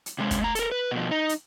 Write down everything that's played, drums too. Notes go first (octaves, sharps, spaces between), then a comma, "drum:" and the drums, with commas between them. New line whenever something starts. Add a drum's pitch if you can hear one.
drum: hi-hat
C3 G#3
drum: kick, hi-hat
A3 A#5
A4 A#4, drum: hi-hat
B4
B2 F3
D#4
drum: hi-hat